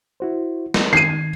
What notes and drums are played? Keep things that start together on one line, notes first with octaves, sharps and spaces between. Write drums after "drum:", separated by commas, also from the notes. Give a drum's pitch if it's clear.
E4 F#4 C5
drum: snare
D#3 G#6 C7 D#7